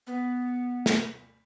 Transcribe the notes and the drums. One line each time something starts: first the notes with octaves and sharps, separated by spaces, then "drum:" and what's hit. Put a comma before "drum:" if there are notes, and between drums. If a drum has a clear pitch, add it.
B3
drum: snare